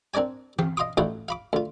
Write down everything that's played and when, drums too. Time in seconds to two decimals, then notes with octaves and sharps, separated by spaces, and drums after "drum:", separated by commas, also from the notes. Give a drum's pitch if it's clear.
0.14 C4 D4 A#4 D5 G#5
0.59 G4, drum: tom E3
0.77 D#5 F5 C6 D6 D#6
0.97 A1 D#4 E4 F#4 D5 F5
1.28 F5 B5 D6
1.53 D2 F4